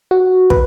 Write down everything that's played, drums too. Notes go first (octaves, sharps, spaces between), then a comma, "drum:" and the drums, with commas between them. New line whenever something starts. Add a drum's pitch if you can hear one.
F#4
B4, drum: kick